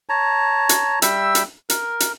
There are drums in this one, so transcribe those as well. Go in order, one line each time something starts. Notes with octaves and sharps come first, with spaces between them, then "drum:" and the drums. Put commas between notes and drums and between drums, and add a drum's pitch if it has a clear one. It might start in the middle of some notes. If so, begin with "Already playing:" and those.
C#5 A5 A#5
drum: hi-hat
G3 E5 G5 E6, drum: hi-hat
drum: hi-hat
A#4, drum: hi-hat
drum: hi-hat